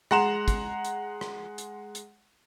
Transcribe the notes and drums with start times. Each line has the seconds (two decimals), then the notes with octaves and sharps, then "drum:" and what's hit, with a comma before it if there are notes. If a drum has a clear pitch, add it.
0.11 G#3 F#5 A#5 C6 E7, drum: rim click
0.48 drum: kick, hi-hat
0.84 drum: hi-hat
1.21 drum: rim click
1.58 drum: hi-hat
1.95 drum: hi-hat